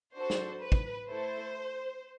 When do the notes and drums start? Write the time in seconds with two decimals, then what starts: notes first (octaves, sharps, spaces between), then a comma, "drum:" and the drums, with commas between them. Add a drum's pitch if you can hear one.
0.15 D4 F#4 A4 C5
0.30 drum: snare
0.62 B4
0.72 drum: kick
1.08 A3 E4 A4 C5